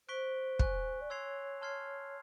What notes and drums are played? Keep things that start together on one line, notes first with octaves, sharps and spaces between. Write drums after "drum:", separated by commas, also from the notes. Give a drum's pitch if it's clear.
C5 C#6 F#6 B6 D7 G7
G#5 C#6 F#6, drum: kick
D5
C#5 C6 E6 G#6 C7 F7
A5 C6 F6 G#6 C7